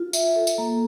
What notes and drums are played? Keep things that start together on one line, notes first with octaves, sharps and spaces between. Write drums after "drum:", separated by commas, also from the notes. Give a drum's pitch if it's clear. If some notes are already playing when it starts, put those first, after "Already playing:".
Already playing: F4
E5, drum: tambourine
A4
drum: tambourine
A#3